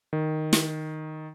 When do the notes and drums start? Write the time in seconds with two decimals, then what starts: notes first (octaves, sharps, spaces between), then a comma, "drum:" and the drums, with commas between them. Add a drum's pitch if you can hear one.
0.13 D#3
0.53 drum: snare